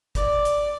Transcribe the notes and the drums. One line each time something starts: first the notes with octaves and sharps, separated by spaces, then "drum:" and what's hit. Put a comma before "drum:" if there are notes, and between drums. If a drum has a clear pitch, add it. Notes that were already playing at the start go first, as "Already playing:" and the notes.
D5, drum: kick, hi-hat
drum: hi-hat